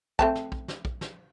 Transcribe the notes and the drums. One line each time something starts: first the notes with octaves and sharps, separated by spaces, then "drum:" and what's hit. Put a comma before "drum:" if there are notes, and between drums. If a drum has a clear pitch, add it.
A3 C4 A5, drum: kick
drum: snare
drum: kick
drum: snare
drum: kick
drum: snare